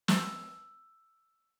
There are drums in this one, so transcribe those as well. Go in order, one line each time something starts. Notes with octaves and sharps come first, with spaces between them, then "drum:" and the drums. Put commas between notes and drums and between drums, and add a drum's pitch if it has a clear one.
E6, drum: snare